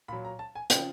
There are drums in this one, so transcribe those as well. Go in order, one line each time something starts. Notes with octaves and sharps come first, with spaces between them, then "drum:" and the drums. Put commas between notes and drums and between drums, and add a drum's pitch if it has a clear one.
A#2 F#3 B5
A#5
A5
G#5
C#3 G5, drum: hi-hat
F3